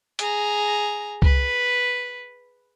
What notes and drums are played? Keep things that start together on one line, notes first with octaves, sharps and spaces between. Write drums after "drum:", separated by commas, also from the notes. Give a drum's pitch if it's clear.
G#4 A#5, drum: hi-hat
B4, drum: kick C2